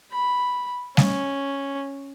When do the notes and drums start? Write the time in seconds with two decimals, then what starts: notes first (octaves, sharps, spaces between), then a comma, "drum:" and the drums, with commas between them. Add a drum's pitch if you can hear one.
0.11 B5
0.97 C#4, drum: snare G3